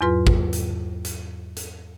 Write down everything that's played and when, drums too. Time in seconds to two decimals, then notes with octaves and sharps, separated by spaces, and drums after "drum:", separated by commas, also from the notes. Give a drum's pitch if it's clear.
0.01 E2 G#2 F#3 F4 B4 C6
0.27 drum: kick G#1
0.53 drum: hi-hat
1.05 drum: hi-hat
1.56 drum: hi-hat